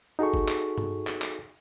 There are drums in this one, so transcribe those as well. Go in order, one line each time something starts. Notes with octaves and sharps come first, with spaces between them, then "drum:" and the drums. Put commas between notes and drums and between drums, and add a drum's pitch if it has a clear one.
D#4 F#4 G#4 A4 C#6
drum: kick
drum: clap
drum: tom G2
drum: clap
drum: clap